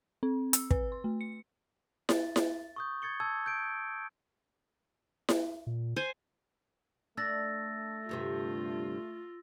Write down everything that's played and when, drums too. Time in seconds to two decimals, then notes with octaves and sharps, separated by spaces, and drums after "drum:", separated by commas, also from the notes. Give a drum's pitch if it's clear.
0.23 C4
0.53 E6, drum: hi-hat
0.71 B4, drum: kick
0.92 C6
1.04 A3
1.21 C#7
2.09 A6, drum: snare E4
2.36 drum: snare E4
2.76 C#6 D#6 G6
3.02 C#6 G#6 A6 C#7 G7
3.20 A5 E6 G#6
3.46 G6 G#6 D7
5.29 drum: snare E4
5.67 A#2
5.96 C5 G#5
7.17 A3 D4 E6 A6 A#6
8.09 D2 G2 C3 F4